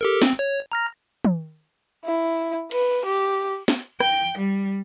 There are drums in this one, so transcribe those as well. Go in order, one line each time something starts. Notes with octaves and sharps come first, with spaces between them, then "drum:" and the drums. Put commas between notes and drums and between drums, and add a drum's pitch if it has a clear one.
G4 A4 A#4
C4, drum: snare
C#5
A#5 F6 A#6
drum: tom
E4
B4, drum: cymbal
G4
drum: snare
G5, drum: rim click
G3